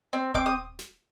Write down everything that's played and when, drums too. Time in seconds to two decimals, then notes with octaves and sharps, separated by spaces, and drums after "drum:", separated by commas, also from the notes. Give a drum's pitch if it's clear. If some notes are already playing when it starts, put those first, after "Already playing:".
0.13 C4
0.34 C4 D6, drum: kick D#1
0.46 D#6
0.79 drum: snare